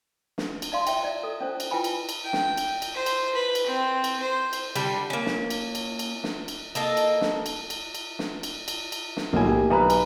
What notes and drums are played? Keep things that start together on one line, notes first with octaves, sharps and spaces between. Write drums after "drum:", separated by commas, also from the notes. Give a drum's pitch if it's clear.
drum: snare
drum: cymbal
D#4 D5 F5 C6
C#5 E5 G5, drum: cymbal
C#5 D5 F5
A4
C#4 D4 A4 C5 C#5
drum: cymbal
E4 F4 B4 G5 G#5 B5
drum: cymbal
drum: cymbal
G5
drum: snare
drum: cymbal
drum: cymbal
C5
drum: cymbal
B4
drum: cymbal
C4
drum: cymbal
C5
drum: cymbal
D3 G3 G5, drum: cymbal
A#3 C#4
drum: snare
drum: cymbal
drum: cymbal
drum: cymbal
drum: snare
drum: cymbal
A#3 A4 D#5, drum: cymbal
drum: cymbal
drum: snare
drum: cymbal
drum: cymbal
drum: cymbal
drum: snare
drum: cymbal
drum: cymbal
drum: cymbal
drum: snare
B1 A2 A#3 G#5
G4
B1 B3 B4 G#5 A#5 B5
drum: cymbal